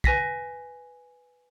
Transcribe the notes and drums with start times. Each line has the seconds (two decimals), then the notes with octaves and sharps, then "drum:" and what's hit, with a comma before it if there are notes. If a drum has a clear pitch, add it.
0.04 B4 G#5 A#6 B6, drum: kick